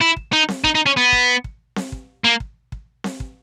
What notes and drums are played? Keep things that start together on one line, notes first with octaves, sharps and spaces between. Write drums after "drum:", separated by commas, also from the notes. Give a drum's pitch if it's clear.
E4
drum: kick
D#4
drum: snare C4
D#4, drum: kick
D#4
C#4
B3
drum: kick
drum: kick
drum: snare C4
drum: kick
A#3
drum: kick
drum: kick
drum: snare C4
drum: kick